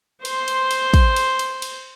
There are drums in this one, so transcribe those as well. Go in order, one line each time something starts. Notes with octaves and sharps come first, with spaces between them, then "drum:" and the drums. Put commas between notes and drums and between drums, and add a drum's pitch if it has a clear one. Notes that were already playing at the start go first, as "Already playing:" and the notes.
C5 C6, drum: cymbal
drum: cymbal
drum: cymbal
drum: kick, cymbal
drum: cymbal
drum: cymbal
drum: cymbal